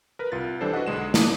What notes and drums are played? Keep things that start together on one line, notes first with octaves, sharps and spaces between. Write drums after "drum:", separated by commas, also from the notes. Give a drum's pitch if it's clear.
A#4 B4
C2 F4 A6
E3 G3 D4 A4 C5
F#4 B4 D#5 F#5
B1 D3 G#3 E7
C#3 D#6, drum: snare